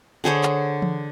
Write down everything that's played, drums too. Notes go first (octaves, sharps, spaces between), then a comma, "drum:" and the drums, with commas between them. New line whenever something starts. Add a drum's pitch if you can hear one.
D3 G#4 C5 C#5
drum: clap
drum: tom E3